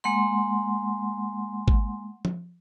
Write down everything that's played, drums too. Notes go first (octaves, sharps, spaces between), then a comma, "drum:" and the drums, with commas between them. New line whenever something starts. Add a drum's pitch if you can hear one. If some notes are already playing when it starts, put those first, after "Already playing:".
G#3 A#3 F#5 C6
drum: kick
drum: tom